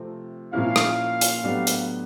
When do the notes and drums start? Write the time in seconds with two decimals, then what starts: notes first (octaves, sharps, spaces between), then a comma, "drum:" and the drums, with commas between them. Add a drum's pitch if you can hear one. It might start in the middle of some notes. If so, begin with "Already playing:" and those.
Already playing: C3 F3 A3 C4
0.52 A#2 F3 A#3 C#4 E4 F5
0.76 drum: rim click
1.21 drum: hi-hat
1.44 A2 F#3 B3 D4 G4
1.67 drum: hi-hat